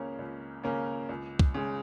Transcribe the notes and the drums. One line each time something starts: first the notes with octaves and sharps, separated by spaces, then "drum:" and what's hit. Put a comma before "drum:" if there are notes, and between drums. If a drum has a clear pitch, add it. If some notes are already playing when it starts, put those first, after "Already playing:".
Already playing: C#2 C#3 A#3 C#4 A#4
C#2
C#3 A#3 C#4 A#4
C#2
drum: kick
C#3 G#3